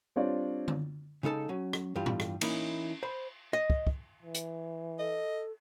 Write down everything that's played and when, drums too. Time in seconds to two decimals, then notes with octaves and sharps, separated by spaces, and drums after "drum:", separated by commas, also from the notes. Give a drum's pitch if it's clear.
0.16 G3 C4 D4 F4 C#5 D5
0.68 drum: tom D3
1.23 C#3 G#3 D#4 A4 A5
1.49 F#3 C#4
1.73 drum: rim click
1.96 G2 E3 G3 F4 G4
2.06 drum: tom A2
2.20 drum: rim click
2.41 E3 A#3 C#4 D#4 E4, drum: cymbal
3.03 C5 B5
3.53 D#5
3.70 drum: kick
3.87 drum: kick
4.22 E3
4.35 drum: hi-hat
4.99 A4 D#5